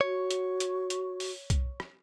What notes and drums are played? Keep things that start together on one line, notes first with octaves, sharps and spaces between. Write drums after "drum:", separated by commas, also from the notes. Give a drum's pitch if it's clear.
F#4 C#5
drum: hi-hat
drum: hi-hat
drum: hi-hat
drum: open hi-hat
drum: kick B1, hi-hat
drum: rim click